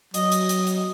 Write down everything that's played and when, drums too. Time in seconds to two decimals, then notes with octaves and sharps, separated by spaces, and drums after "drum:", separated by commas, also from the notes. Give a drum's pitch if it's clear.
0.14 F#3 D#5, drum: hi-hat
0.32 drum: hi-hat
0.49 drum: hi-hat
0.67 drum: hi-hat